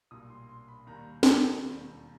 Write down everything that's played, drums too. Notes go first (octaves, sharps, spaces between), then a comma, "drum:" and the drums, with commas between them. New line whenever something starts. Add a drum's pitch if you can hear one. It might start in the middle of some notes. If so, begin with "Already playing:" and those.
B1 A#2 G3 D#6
C6
C6
B5
D#2 D#3 G3 A#5
drum: snare
E1 D#2 D#3 G3